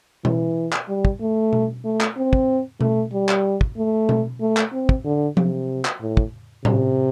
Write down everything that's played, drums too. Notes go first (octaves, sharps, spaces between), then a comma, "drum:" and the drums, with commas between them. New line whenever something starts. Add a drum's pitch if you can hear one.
E3, drum: tom B2
drum: clap
G3
drum: kick
A3
drum: tom B2
A3
drum: clap
C4
drum: kick
A3, drum: tom B2
G3
drum: clap
drum: kick
A3
drum: tom B2
A3
drum: clap
C4
drum: kick
D3
C3, drum: tom F3
drum: clap
A2
drum: kick
C3, drum: tom A2